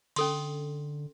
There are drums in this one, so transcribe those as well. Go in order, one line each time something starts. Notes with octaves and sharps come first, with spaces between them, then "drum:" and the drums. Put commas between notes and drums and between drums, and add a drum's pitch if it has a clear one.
D3 C#4 A4 C6, drum: cymbal